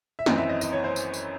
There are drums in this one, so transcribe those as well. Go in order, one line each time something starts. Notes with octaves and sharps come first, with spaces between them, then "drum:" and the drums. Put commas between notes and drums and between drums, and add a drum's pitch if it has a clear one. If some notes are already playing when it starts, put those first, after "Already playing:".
E5
G#1 F#2 E3 C4 D#5, drum: snare
E5
D#5
D#5, drum: tambourine
C#5
C5
drum: tambourine
drum: tambourine